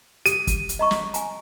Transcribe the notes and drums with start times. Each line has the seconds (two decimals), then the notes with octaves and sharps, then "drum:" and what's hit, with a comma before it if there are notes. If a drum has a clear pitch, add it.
0.26 G4 D#6 D#7, drum: hi-hat
0.47 drum: kick, hi-hat
0.69 drum: hi-hat
0.79 D#5 A#5 C#6
0.91 drum: snare
1.14 G#5 A#5, drum: hi-hat